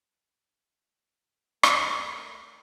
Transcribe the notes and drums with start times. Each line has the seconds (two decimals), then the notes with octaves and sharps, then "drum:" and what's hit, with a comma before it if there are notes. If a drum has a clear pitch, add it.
1.63 A3 A#3 A#4 G5, drum: rim click